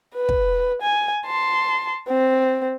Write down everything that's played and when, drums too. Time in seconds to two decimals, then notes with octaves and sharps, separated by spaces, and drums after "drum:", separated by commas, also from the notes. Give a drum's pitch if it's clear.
0.16 B4
0.29 drum: kick
0.82 G#5
1.26 A5 C6
2.08 C4